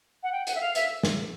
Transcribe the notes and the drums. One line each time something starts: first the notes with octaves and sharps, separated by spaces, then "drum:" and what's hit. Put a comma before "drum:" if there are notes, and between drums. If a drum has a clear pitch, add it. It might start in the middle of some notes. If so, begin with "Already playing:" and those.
F#5
G5
F#5, drum: hi-hat
E5
F5
E5, drum: hi-hat
drum: snare